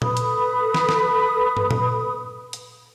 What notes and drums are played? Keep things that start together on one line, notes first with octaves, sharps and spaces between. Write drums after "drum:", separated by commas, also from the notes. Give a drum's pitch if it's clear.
A4 B4 B5 D#6, drum: tom A#2
drum: hi-hat
drum: snare
drum: snare
drum: tom
drum: tom A#2
drum: hi-hat